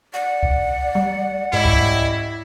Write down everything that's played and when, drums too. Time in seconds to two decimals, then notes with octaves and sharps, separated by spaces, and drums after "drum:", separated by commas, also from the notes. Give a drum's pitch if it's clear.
0.14 D5 F#5
0.43 drum: kick C2
0.95 G3
1.53 G#2 G3 C#4 E4 D#5
1.65 drum: kick C2